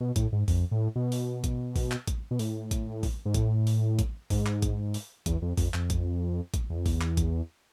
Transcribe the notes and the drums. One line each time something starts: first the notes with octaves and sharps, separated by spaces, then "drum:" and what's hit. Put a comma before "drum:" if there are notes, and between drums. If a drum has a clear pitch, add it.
B2
A2, drum: kick A1, hi-hat
G#2
F2, drum: kick A1, open hi-hat
A2
B2
drum: open hi-hat
drum: kick A1, hi-hat
drum: kick A1, open hi-hat
drum: clap
drum: kick A1, hi-hat
B2
A2, drum: open hi-hat
drum: kick A1, hi-hat
drum: kick A1, open hi-hat
G#2
A2, drum: kick A1, hi-hat
drum: open hi-hat
drum: kick A1, hi-hat
G#2, drum: kick A1, open hi-hat
drum: clap
drum: kick A1, hi-hat
drum: open hi-hat
E2, drum: kick A1, hi-hat
F2
F2, drum: kick A1, open hi-hat
F2, drum: clap
drum: kick A1, hi-hat
drum: kick A1, hi-hat
E2
F2
E2, drum: kick A1, open hi-hat
drum: clap
drum: kick A1, hi-hat